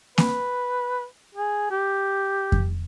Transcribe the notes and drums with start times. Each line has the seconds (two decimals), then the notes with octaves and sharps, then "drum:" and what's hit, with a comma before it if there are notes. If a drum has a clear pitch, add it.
0.18 B4, drum: snare A#3
1.35 G#4
1.71 G4
2.52 drum: kick F2